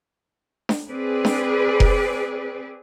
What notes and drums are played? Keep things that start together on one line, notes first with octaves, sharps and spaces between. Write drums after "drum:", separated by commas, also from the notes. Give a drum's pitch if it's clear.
drum: snare D4
C4 G#4 B4 D5
drum: snare D4
drum: kick F1